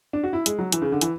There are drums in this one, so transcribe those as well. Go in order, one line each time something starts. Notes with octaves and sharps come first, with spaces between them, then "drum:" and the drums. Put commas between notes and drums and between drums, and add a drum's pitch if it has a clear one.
D4
F#4
E4
G#3, drum: hi-hat
F#3
E3, drum: hi-hat
C#3
D3
E3, drum: hi-hat